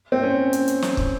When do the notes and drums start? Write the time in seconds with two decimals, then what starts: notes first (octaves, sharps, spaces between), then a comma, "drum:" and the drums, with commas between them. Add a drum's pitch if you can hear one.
0.12 C4
0.23 C#4
0.53 drum: hi-hat
0.68 drum: hi-hat
0.82 drum: snare
0.97 drum: kick